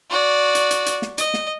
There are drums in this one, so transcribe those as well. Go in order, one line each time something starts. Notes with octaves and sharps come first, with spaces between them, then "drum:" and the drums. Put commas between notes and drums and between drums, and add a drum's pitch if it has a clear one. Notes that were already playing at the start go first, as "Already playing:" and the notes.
F#4 D5
drum: hi-hat
drum: hi-hat
drum: hi-hat
drum: snare
D#5, drum: hi-hat
drum: snare